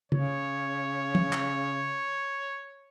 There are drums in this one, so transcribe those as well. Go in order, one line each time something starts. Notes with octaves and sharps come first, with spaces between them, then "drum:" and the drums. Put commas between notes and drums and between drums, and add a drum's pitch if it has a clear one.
C#3 C#5, drum: tom
drum: tom
drum: clap